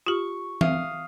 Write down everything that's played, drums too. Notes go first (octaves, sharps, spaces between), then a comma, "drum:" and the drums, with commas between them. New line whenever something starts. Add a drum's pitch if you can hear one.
F4 G4 C#6
E5 F5 D#6, drum: tom E3